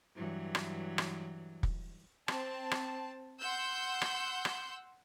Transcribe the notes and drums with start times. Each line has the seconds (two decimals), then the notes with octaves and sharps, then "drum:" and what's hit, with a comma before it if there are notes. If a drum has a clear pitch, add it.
0.16 G2 E3 F#3
0.55 drum: rim click
0.98 drum: rim click
1.63 drum: kick
2.28 C4 A5, drum: rim click
2.71 drum: rim click
3.40 F#5 C6 E6 G6
4.02 drum: rim click
4.45 drum: rim click